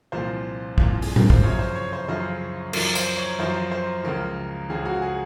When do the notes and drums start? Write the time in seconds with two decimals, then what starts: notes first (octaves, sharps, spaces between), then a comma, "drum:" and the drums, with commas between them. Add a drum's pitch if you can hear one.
0.12 C2 A#2 F3 C5
0.78 C2 A#2 F3, drum: kick
1.02 G#4, drum: open hi-hat
1.16 A#4, drum: tom A2
1.30 C5, drum: kick
1.43 F#2 C#3 F3 C#5
1.59 C5
1.75 C#5
1.93 C5
2.08 F#2 C#3 F3 C5
2.73 F#2 F3 A#4, drum: cymbal
2.95 C5, drum: tambourine
3.17 C#5
3.38 F#2 F3 C5
3.71 C5
4.04 C#2 C#3 F3 A#4
4.69 C#2 C#3 F3 G#4
4.85 F#4
5.02 G#4